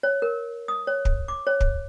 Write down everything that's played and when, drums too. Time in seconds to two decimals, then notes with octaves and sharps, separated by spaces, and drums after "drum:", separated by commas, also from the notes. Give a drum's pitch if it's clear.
0.03 C#5
0.22 A#4
0.68 D#6
0.87 C#5
1.05 drum: kick
1.28 D6
1.47 C#5
1.61 drum: kick